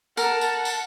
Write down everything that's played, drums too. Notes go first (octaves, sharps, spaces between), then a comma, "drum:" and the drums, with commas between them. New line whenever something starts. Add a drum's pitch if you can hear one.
A#4 F#5 A5, drum: tambourine
drum: tambourine
drum: tambourine